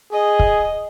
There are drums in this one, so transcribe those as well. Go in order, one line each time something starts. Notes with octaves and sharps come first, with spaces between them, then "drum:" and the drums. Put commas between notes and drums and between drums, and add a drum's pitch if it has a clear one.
G#4 D#5
drum: kick